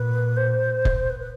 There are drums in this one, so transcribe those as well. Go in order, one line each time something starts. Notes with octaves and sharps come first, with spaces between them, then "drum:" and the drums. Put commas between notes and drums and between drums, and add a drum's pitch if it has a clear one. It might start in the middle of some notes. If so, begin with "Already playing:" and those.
Already playing: A#2 B4
C5
drum: kick F1
B4
B4